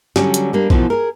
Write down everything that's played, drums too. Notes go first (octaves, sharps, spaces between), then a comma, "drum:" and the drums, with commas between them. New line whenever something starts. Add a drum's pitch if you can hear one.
D3 F#3 G3 C#4, drum: snare
drum: hi-hat
G3 A#3 D4
B2 E3 F3 A#3 C5, drum: kick A#1
G#4 A#4